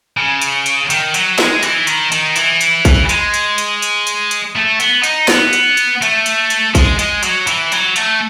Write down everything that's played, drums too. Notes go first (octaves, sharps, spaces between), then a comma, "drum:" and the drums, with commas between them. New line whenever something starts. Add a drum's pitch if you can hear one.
C#3
drum: hi-hat
drum: hi-hat
D#3, drum: hi-hat
F#3, drum: hi-hat
G#3, drum: snare
E3, drum: hi-hat
D#3, drum: hi-hat
D#3, drum: hi-hat
E3, drum: hi-hat
drum: hi-hat
drum: kick, hi-hat
G#3, drum: hi-hat
drum: hi-hat
drum: hi-hat
drum: hi-hat
drum: hi-hat
drum: hi-hat
A3
B3, drum: hi-hat
D#4, drum: hi-hat
B3, drum: snare
drum: hi-hat
drum: hi-hat
A3, drum: hi-hat
drum: hi-hat
drum: hi-hat
G#3, drum: kick, hi-hat
G#3, drum: hi-hat
F#3, drum: hi-hat
E3, drum: hi-hat
F#3, drum: hi-hat
A3, drum: hi-hat